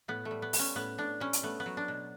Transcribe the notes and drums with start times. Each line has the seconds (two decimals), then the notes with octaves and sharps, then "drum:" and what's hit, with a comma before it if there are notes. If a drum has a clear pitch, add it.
0.08 A2 B3
0.25 A3
0.31 G3
0.42 B3
0.53 G3, drum: open hi-hat
0.59 C#4
0.76 A2 B3
0.98 A2 D4
1.20 G3 C#4
1.33 drum: hi-hat
1.43 A3 B3
1.60 B3
1.66 F#3
1.77 D4
1.88 B2